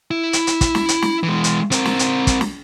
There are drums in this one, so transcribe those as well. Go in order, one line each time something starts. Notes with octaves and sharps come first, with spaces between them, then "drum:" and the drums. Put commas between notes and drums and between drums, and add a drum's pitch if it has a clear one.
E4
drum: hi-hat
drum: hi-hat
drum: kick, hi-hat
drum: snare
drum: hi-hat
drum: snare
E3 G#3
drum: hi-hat
C4 A#4, drum: hi-hat
drum: snare
drum: hi-hat
drum: kick, hi-hat
drum: snare